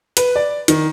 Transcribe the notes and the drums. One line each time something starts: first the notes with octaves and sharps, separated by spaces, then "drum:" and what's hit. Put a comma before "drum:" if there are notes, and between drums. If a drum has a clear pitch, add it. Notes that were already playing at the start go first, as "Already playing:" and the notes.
B4, drum: hi-hat
D5
D#3, drum: hi-hat